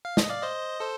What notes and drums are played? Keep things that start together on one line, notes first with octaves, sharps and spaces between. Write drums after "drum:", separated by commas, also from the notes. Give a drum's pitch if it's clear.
F5
D#5, drum: snare
D5 F5
C5 D#5
A4 C5